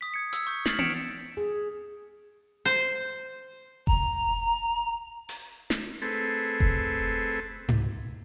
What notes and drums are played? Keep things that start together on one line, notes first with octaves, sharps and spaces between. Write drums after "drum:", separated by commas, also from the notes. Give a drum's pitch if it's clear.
D#6 B6
G#6 C#7
E6, drum: hi-hat
C#6 G6
F6 G#6 A6 B6 C7 F#7, drum: snare
A6 B6 C#7 D7 E7 F7, drum: tom B3
G#4
C5
A#5, drum: kick F1
drum: open hi-hat
drum: snare
A3 C4 G#4 A4 B4
drum: kick F1
drum: tom G#2